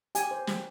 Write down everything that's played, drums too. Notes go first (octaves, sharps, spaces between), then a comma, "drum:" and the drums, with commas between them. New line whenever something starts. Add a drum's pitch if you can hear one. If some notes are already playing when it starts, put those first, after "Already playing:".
G4 G#5, drum: hi-hat
C5
G4, drum: snare